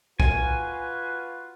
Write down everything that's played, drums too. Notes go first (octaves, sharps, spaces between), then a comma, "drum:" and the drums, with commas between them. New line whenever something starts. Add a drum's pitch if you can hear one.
F4 F#4 B4 G#5, drum: kick